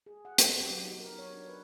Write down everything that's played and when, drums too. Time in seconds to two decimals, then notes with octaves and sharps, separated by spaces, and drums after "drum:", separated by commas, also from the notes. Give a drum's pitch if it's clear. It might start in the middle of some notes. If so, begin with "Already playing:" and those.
0.06 G#4
0.25 F#5
0.38 B3, drum: hi-hat
0.56 G4
0.70 F#3
0.85 D#4
1.00 A#4
1.19 C#5
1.33 D4
1.48 B4